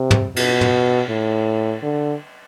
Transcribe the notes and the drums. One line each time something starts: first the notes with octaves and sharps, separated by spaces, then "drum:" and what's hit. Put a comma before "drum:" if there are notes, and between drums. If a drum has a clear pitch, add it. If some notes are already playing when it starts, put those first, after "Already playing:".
Already playing: C3
drum: tom
B2, drum: cymbal
drum: tom
A2
D3